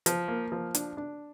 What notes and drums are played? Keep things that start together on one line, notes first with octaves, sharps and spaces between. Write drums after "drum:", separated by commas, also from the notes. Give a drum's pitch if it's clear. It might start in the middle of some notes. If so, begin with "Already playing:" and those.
F3, drum: hi-hat
A#3
F3
D4, drum: hi-hat
D4